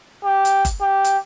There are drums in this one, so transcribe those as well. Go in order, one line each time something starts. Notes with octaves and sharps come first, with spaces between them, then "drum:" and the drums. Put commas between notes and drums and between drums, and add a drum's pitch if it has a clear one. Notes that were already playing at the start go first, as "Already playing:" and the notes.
G4
drum: hi-hat
drum: kick G1, hi-hat
G4
drum: hi-hat